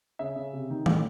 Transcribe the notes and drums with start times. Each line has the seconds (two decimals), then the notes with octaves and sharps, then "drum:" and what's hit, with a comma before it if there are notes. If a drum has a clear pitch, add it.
0.19 C#3 E5
0.36 C#3
0.53 C3
0.70 D#3
0.86 A2 F5, drum: tom D#3